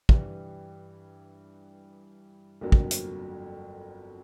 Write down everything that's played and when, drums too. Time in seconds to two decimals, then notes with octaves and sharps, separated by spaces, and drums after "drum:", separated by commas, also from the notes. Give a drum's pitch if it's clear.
0.09 G2 E3 G3, drum: kick
2.61 G1 F2 D3 F#3 A#3
2.72 drum: kick
2.91 drum: hi-hat